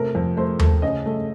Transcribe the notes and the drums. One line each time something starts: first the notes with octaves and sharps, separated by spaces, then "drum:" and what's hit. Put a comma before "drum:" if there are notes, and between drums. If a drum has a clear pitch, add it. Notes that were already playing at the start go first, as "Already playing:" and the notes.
Already playing: C3 A3 A#4
F2
A3 C5
A3, drum: tom D#2
C#3 D#5
A3